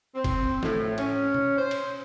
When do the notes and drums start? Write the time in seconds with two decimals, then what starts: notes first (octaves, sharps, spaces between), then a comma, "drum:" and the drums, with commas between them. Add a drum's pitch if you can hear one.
0.15 C4
0.24 drum: kick, cymbal
0.63 A2, drum: snare
0.98 C#4, drum: cymbal
1.34 drum: tom B2
1.57 C5
1.71 drum: cymbal